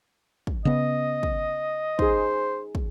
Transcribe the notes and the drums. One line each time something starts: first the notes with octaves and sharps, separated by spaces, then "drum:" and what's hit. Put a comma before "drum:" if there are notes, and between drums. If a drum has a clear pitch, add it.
drum: kick
C#3 B3 D#5
drum: kick
D#4 G#4 C5, drum: kick
drum: kick